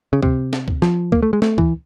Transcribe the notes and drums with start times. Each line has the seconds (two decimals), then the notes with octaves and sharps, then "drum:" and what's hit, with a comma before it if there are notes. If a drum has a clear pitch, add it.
0.13 C#3
0.23 C3, drum: kick C#2
0.53 drum: snare
0.68 drum: kick C#2
0.82 F3, drum: snare
1.12 A#3, drum: kick C#2
1.23 A3
1.33 G#3
1.42 A3, drum: snare
1.58 E3, drum: kick C#2